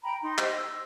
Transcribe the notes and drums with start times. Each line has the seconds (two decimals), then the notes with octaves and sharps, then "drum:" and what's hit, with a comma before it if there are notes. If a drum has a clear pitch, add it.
0.03 G5 A#5 B5
0.22 D#4 C6
0.38 G4 C5 D#5, drum: clap
0.57 E6